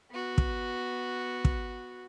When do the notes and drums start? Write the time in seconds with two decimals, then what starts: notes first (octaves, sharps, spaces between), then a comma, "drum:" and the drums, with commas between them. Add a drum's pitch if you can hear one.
0.11 B3 F#4
0.38 drum: kick
1.45 drum: kick